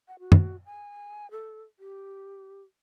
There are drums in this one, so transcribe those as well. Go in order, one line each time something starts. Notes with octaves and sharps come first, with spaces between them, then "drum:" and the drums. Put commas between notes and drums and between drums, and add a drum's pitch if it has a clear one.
F#5
F#4
drum: tom F#2
G#5
A4
G4